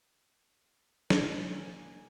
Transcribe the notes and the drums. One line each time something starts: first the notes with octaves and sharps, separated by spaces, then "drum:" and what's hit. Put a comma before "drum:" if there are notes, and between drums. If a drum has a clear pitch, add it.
B4, drum: snare
A#3 G#5